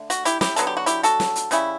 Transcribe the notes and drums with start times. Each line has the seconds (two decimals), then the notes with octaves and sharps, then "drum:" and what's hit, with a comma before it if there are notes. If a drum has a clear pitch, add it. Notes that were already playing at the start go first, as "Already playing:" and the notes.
Already playing: D3 A3
0.10 F#4, drum: hi-hat
0.25 E4 G4, drum: hi-hat
0.41 E4 G4, drum: snare
0.56 D3 F#3 B3 A4, drum: hi-hat
0.67 G4
0.77 F#4
0.86 E4 G4, drum: hi-hat
1.03 F#4 A4, drum: hi-hat
1.20 drum: snare
1.35 drum: hi-hat
1.51 C#3 G3 C#4 E4, drum: hi-hat